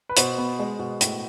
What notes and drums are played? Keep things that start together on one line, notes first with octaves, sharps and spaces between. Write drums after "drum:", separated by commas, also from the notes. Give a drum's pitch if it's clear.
B4
B2 C5, drum: hi-hat
B3
G#3
B2
A2, drum: hi-hat